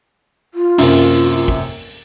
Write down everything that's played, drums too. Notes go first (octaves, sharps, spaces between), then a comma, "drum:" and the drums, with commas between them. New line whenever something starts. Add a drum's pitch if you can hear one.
F4
F#2 C3 A#3, drum: open hi-hat
drum: kick